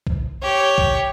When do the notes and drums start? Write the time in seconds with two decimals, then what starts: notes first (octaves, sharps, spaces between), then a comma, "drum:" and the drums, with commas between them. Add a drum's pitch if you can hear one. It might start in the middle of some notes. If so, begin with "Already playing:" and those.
0.07 drum: kick B1
0.42 G4 C#5
0.78 drum: kick B1